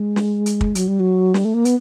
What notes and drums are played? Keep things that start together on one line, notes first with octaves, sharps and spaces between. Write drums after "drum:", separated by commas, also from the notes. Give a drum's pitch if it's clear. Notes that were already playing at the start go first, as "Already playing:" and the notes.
Already playing: G#3
drum: snare
drum: hi-hat
drum: kick
F#3, drum: hi-hat
G3
F#3
G3, drum: snare
A3
A#3
B3, drum: hi-hat